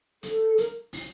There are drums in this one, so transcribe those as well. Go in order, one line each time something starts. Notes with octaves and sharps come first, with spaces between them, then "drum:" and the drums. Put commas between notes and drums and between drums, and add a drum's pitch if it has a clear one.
A4, drum: hi-hat
A#4, drum: hi-hat
drum: open hi-hat